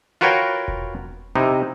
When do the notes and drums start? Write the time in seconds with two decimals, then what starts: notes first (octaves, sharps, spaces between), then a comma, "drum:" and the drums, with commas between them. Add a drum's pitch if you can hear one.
0.21 F4 F#4 A#4 B4 C#5 G5
0.68 drum: kick E1
1.35 C3 D#4 E4